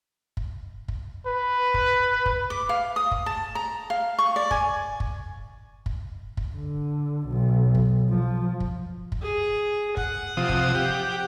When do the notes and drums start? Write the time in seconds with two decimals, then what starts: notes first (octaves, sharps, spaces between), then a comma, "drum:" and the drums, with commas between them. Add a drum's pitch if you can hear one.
0.37 drum: kick
0.88 drum: kick
1.27 B4
1.74 drum: kick
2.26 drum: kick
2.50 D6
2.69 F5
2.96 D#6
3.11 drum: kick
3.26 A5
3.55 A#5
3.90 F5
4.19 C#6
4.36 D5
4.51 G#5, drum: kick
5.00 drum: kick
5.86 drum: kick
6.37 drum: kick
6.55 D3
7.28 B1
7.75 drum: kick
8.10 F3
8.60 drum: kick
9.12 drum: kick
9.22 G#4
9.97 F#5, drum: kick
10.37 C3 F3 D#6
10.49 drum: kick
10.75 G4